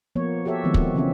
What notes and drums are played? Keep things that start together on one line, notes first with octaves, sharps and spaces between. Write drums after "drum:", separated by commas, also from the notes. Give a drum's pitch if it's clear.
F3 A#3 B3 C#5
F#4 G4 A4 C#5 E5
D#3 F3 G#3 B3 C4
drum: kick
C#3 E3 C4 C#4 E5